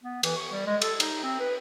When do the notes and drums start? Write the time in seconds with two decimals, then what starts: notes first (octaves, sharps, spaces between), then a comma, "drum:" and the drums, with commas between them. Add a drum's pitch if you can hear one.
0.04 B3
0.23 E3, drum: cymbal
0.37 C#6
0.52 G3
0.67 G#3
0.82 A4, drum: cymbal
1.00 D#4, drum: cymbal
1.23 C4
1.40 B4